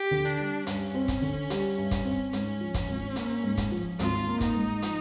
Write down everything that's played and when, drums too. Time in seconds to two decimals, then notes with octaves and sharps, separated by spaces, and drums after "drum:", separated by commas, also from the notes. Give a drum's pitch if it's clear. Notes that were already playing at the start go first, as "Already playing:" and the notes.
Already playing: G4
0.11 D3
0.25 D4
0.39 G3
0.67 G2 C#4, drum: hi-hat
0.94 C4
1.08 drum: kick, hi-hat
1.22 D3
1.50 G3, drum: hi-hat
1.78 G2
1.91 drum: kick, hi-hat
2.05 C4
2.33 G#2 C#4, drum: hi-hat
2.60 F3
2.74 drum: kick, hi-hat
2.88 G#1
3.16 A#3, drum: hi-hat
3.44 G#2
3.58 drum: kick, hi-hat
3.71 F3
3.99 G#1 F4, drum: hi-hat
4.27 A#3
4.41 D#4, drum: kick, hi-hat
4.55 G#2
4.82 F3, drum: hi-hat